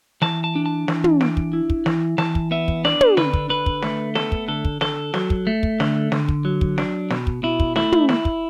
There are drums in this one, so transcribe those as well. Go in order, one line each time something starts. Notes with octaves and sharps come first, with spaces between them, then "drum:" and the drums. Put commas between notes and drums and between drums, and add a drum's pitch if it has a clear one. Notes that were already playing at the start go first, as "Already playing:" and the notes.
E3 A5, drum: snare
A5
D4
A5
E3, drum: snare
drum: tom
D4, drum: snare
drum: kick
E4
drum: kick
E3, drum: snare
E3 A5, drum: snare
drum: kick
B3 E5
drum: kick
D4 D5, drum: snare
drum: tom
D3 B4, drum: snare
drum: kick
D3 B4
drum: kick
A3, drum: snare
B3 A4, drum: snare
drum: kick
D3 A4
drum: kick
D3 A4, drum: snare
F#3, drum: snare
drum: kick
A3
drum: kick
D3, drum: snare
D3, drum: snare
drum: kick
F#3
drum: kick
D4, drum: snare
B2, drum: snare
drum: kick
B2 E4
drum: kick
A3 E4, drum: snare
drum: tom
E4, drum: snare
drum: kick